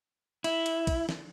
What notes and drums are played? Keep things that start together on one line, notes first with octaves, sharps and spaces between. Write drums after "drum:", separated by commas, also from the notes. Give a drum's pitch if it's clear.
E4, drum: cymbal
drum: cymbal
drum: kick, cymbal
drum: snare